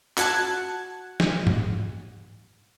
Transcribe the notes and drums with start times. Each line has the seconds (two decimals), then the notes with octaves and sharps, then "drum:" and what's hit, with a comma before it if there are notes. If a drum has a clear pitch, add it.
0.17 F#4 A5 F#6 G#6 C#7, drum: clap
1.20 drum: snare
1.47 drum: tom G#2